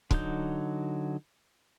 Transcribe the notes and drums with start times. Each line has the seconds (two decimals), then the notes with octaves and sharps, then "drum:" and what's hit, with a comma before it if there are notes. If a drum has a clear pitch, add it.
0.11 D3 F#3 D#4 G6, drum: kick